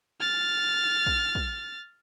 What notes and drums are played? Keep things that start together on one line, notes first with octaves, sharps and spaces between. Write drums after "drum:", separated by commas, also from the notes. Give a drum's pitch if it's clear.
F6 A6
drum: kick
drum: kick